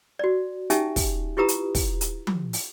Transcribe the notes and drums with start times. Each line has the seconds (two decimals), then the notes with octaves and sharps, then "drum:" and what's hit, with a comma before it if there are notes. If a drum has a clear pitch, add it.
0.19 F#4 D5
0.70 C#4 D#4 G4 E5 G#5 A5, drum: hi-hat
0.96 drum: kick, open hi-hat
1.37 E4 F4 G4 B4 A#5 D#6
1.48 drum: hi-hat
1.75 drum: kick, open hi-hat
2.01 drum: hi-hat
2.27 drum: tom F3
2.53 drum: open hi-hat